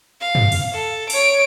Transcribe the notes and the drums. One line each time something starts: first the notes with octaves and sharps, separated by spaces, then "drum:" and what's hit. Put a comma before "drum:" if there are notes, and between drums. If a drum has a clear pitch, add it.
F5
drum: tom
drum: cymbal
A4
C#5 D7, drum: open hi-hat